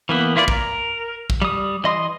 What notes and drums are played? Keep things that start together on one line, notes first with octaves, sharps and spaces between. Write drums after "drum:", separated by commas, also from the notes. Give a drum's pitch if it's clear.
E3 A#3 B3
A#3 E4 F4 C#5 D5
A#4, drum: kick
drum: kick
G3 D#6
E3 D#5 C6 D#6